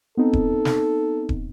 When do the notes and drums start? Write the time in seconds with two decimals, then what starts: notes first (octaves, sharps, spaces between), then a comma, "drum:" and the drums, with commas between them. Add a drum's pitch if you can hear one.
0.17 B3 C4 D#4 A4
0.33 drum: kick D#1
0.65 drum: snare
1.29 drum: kick D#1